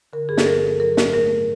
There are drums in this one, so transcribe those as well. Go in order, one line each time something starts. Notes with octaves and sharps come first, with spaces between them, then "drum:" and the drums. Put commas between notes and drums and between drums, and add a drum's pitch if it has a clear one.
D3 A#4
G2 G#4
A4, drum: snare
F3 A#4
G2
F#3 A#4
A2, drum: snare
A3 A#4
A2